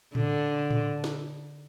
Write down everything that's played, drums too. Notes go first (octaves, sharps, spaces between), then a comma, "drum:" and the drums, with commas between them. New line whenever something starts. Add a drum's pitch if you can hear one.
D3, drum: tom A2
drum: tom A2
drum: snare